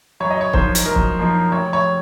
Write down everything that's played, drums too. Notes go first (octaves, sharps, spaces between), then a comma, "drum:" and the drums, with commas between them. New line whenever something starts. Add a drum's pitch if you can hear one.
F#2 C#5
D#5
C#5
F3 A#3 D#4 C5, drum: kick
drum: hi-hat
F#2 A#4
drum: kick
F3 A#3 D#4
F1 C#5
C#5